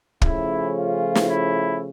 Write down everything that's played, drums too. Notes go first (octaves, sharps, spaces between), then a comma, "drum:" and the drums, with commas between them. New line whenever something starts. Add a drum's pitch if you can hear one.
C#3 F3 A3 C#4 E4, drum: kick
F4
drum: snare
E4